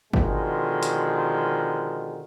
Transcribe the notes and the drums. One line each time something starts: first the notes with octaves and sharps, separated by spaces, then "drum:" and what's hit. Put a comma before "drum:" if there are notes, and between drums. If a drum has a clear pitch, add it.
B2 D3 D#3 F3 G#3, drum: kick
drum: hi-hat